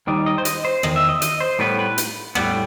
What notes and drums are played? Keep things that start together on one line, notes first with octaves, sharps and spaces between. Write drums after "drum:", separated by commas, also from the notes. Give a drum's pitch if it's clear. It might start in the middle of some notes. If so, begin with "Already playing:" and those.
D#2 D#3 G3
D#5
C5
D#5, drum: hi-hat
C5
E2 D#3 D#5, drum: rim click
E5
D#5
D#5, drum: hi-hat
C5
A2 G3 B3 B4
B4
drum: hi-hat
A2 G3 B3, drum: rim click